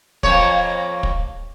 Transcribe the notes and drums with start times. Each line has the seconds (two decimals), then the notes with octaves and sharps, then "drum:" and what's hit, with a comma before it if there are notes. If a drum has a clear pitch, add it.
0.23 F2 A#3 C#5, drum: kick
1.03 drum: kick